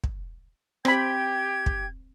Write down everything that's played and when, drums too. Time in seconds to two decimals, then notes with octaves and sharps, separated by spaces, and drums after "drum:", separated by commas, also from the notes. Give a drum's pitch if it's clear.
0.04 drum: kick
0.85 C4 G4 G5 B5 G#6, drum: rim click
1.66 drum: kick